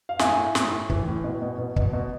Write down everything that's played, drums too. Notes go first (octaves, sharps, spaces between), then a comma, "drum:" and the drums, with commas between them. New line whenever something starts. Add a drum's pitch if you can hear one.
F5
A2 E5 G#5, drum: snare
A2
A2, drum: snare
A2
E3, drum: kick
A2
B2
B2
B2
B2, drum: kick
B2